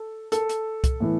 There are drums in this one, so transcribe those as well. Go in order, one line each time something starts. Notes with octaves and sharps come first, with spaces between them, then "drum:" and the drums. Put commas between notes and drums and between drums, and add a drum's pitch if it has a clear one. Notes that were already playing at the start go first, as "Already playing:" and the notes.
Already playing: A4
A4, drum: hi-hat
drum: hi-hat
drum: kick C2, hi-hat
A2 E3 B3